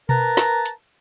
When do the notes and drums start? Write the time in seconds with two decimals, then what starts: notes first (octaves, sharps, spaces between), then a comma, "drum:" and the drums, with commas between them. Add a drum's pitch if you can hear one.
0.09 A#4 B4 A5 A#5, drum: tom B2
0.37 drum: snare
0.65 drum: hi-hat